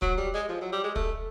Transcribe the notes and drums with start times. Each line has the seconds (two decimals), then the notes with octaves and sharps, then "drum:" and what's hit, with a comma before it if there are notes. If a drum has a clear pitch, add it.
0.02 F#3, drum: kick
0.18 G3
0.34 G#3
0.49 F3
0.61 F#3
0.72 G3
0.84 G#3
0.96 A3, drum: kick